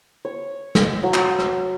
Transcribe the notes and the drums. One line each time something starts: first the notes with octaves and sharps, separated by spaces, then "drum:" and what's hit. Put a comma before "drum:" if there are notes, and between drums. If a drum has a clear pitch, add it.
C#5
drum: snare
F#3
drum: clap
drum: rim click